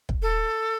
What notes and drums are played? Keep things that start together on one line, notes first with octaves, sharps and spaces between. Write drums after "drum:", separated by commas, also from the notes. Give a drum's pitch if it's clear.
drum: kick
A4